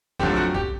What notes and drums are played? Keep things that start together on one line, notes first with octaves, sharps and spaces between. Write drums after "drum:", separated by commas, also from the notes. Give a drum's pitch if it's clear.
F#2 D3 F3 A3 C4 G4, drum: kick A#1
F#4
G4, drum: kick A#1